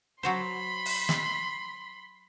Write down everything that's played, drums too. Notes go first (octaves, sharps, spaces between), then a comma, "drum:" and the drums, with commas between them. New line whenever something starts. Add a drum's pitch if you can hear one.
F#3 F#4 C5 B5 C6
drum: open hi-hat
drum: snare